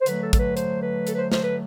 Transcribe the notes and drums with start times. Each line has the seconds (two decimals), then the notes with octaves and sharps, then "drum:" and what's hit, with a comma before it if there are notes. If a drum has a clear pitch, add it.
0.01 C5
0.06 D3 F#3 A3 B4, drum: hi-hat
0.23 A4
0.33 A4, drum: kick, hi-hat
0.39 B4
0.57 C5, drum: hi-hat
0.81 B4
1.07 A4, drum: hi-hat
1.14 B4
1.18 C5
1.32 C5, drum: snare
1.43 B4